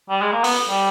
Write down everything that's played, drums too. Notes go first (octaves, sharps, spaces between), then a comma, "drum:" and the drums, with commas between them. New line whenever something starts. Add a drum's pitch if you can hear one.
G3
G#3
A#3
B3, drum: open hi-hat
G3